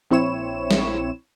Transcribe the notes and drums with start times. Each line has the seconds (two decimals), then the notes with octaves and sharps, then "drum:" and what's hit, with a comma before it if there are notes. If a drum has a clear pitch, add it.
0.10 A#1 C4 E4 C#5 E7
0.71 drum: snare